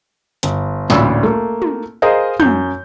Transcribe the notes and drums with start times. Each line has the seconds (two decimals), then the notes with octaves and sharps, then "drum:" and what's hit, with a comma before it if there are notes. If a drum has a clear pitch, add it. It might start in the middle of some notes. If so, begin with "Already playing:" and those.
0.43 G1, drum: hi-hat
0.90 A1 D2 A#2 D4 B5 E6, drum: snare
1.23 A3 A#3
1.62 drum: tom
2.02 G#4 A#4 C5 D#5 F5
2.40 F#2 G6, drum: tom